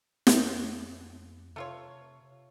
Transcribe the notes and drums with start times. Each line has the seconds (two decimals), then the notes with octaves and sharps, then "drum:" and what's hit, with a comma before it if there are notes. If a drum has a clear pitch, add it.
0.27 F2, drum: snare
1.56 C3 A3 F4 C#5